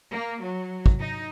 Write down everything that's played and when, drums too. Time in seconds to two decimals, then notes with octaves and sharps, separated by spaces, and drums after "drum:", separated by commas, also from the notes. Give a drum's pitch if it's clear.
0.11 A#3
0.41 F#3
0.86 drum: kick
1.00 D#4